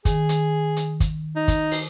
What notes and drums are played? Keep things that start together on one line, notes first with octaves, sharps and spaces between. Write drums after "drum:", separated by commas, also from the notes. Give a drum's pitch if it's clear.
D#3 G#4, drum: kick, hi-hat
drum: hi-hat
drum: hi-hat
drum: kick, hi-hat
D#4
drum: kick, hi-hat
drum: open hi-hat